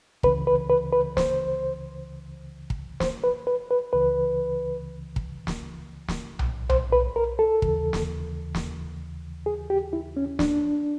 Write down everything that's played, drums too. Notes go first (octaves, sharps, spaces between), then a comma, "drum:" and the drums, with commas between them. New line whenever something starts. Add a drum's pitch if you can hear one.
C#2 C#3 E3 B4, drum: kick
B4
B4
B4
C5, drum: snare
drum: kick
C5, drum: snare
B4
B4
B4
C#2 C#3 E3 B4
drum: kick
drum: snare
drum: snare
drum: tom B1
C5, drum: tom B1
B4
A#4
A4
D#2 C#3 E3, drum: kick
drum: snare
drum: snare
G#4
G4
E4
C#4
D4, drum: snare